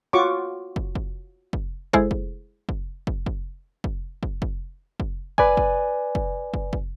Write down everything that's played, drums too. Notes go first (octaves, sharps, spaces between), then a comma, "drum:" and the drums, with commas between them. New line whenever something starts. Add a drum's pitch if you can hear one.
F4 F#4 C#5 C#6 D6
drum: kick
drum: kick
drum: kick
G#3 E4 G#4 A4 C5, drum: kick
drum: kick
drum: kick
drum: kick
drum: kick
drum: kick
drum: kick
drum: kick
drum: kick
B4 D5 G#5, drum: kick
drum: kick
drum: kick
drum: kick
drum: kick